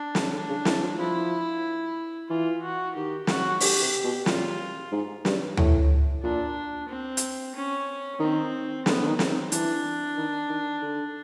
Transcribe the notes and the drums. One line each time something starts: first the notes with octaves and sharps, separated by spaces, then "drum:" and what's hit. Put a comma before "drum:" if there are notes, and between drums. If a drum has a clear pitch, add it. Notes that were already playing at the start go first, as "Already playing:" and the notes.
Already playing: D4
drum: snare
D3 D4
C#3
E3, drum: snare
F3
F3 E4
E3 F4
F#4
D#3 G4
F#4, drum: snare
D3 G4, drum: open hi-hat
C3
B2
A#2 F4, drum: snare
G#2
G2, drum: snare
A2, drum: tom D2
A#2 D4
C4
drum: hi-hat
C#4
D#3 C4
D3 B3, drum: snare
D3
D#3
C4, drum: snare
D#3
E3 D4, drum: hi-hat
D#3
D#3
D3